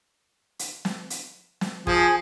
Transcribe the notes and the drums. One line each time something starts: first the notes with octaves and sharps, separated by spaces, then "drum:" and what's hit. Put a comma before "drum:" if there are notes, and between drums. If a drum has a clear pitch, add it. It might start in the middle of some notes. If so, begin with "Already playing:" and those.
drum: hi-hat
drum: snare
drum: hi-hat
drum: snare
F3 G#4 G#5, drum: kick